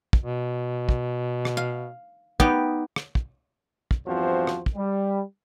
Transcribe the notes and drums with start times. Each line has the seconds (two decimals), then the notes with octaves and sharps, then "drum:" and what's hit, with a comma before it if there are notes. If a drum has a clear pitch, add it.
0.13 drum: kick
0.24 B2
0.89 drum: kick
1.45 drum: rim click
1.57 F5
2.40 B3 D#4 G4, drum: kick
2.96 drum: rim click
3.15 drum: kick
3.91 drum: kick
4.07 E2 G2 F3 C4 F#4 C5
4.47 drum: rim click
4.66 drum: kick
4.76 G3